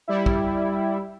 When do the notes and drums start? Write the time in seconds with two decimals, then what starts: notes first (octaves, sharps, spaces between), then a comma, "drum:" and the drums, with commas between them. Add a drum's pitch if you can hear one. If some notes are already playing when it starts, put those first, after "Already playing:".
0.08 G3 E4
0.26 drum: kick